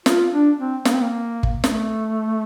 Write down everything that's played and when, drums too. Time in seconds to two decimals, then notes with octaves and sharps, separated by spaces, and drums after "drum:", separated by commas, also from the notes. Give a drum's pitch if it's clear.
0.06 F4, drum: snare
0.32 D4
0.58 C4
0.85 A#3, drum: snare
0.93 C4
1.01 A#3
1.43 drum: kick
1.64 A3, drum: snare